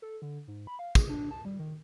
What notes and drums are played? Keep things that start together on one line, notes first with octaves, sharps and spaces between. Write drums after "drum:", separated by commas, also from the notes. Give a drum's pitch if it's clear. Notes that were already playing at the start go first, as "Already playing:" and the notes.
A4
D3
G#2
B5
F5
G#4, drum: kick, tambourine
D4
A5
G3
D#3